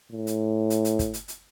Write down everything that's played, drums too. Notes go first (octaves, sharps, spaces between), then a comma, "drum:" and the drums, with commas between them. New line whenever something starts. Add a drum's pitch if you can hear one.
A2
drum: hi-hat
drum: hi-hat
drum: hi-hat
drum: kick, hi-hat
drum: hi-hat
drum: hi-hat